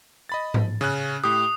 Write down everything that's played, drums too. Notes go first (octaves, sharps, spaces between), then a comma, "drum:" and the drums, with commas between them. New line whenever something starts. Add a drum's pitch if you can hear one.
D#5 B5 A6
drum: tom G#2
C#3 C#4 F#6
A2 G4 D#6